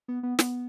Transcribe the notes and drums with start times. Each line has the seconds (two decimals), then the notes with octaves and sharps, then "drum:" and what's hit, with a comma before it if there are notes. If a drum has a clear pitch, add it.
0.08 B3
0.23 B3
0.39 B3, drum: snare